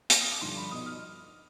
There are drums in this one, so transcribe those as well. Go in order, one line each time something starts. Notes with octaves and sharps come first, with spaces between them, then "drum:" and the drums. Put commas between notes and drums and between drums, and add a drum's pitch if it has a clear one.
F6, drum: hi-hat
D#6
D6
G2 D3 F3 C6
B5
B2 B3 D#4 D#6
F6